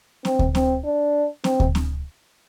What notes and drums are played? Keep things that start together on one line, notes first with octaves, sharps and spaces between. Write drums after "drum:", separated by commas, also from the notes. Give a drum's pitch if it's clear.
C4, drum: snare C4
drum: kick D2
C4, drum: snare C4
D4
C4, drum: snare C4
drum: kick D2
drum: snare C4